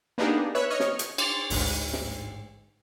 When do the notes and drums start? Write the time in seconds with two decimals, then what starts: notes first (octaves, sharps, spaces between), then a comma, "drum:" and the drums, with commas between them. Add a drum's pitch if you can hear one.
0.18 A#3 B3 D4 D#4 G4 G#4
0.55 B4 C#5 E5 E6 F#6
0.70 C#5 D#5 F6 C#7
0.80 drum: snare
0.99 drum: hi-hat
1.18 C6 D6 A6, drum: cymbal
1.50 A1 D2 G#2, drum: open hi-hat
1.93 drum: snare